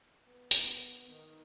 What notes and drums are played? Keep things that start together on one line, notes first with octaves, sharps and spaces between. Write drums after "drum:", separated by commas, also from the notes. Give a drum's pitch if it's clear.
B3
drum: hi-hat
D#3